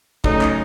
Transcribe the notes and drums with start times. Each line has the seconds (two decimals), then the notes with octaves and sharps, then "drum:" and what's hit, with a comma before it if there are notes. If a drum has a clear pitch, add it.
0.24 C#3 F#3 A3 D#4, drum: kick
0.41 drum: clap